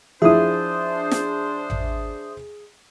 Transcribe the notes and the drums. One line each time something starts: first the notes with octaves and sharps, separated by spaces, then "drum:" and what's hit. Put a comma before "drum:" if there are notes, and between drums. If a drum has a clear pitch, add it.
F3 D4 E4 G#4 C5 E5 D#6
drum: snare
drum: tom A1